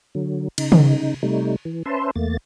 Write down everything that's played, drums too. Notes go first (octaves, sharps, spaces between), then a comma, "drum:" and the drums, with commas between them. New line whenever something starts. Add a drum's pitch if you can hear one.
D3 F#3
C#3 D#4, drum: cymbal
drum: tom
C3 G3 A3 D#4
E3
C#4 B4 C5 E5 A5 C6
E2 A3 A#3 A6